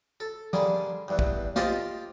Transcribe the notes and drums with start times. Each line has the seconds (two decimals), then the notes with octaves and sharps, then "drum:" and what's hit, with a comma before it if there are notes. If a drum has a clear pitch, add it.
0.20 A4
0.53 D3 G3 A#3 G#4, drum: tom F3
1.08 E2 G2
1.19 drum: kick
1.56 F4 G4 C5 D#5 F5 A5, drum: snare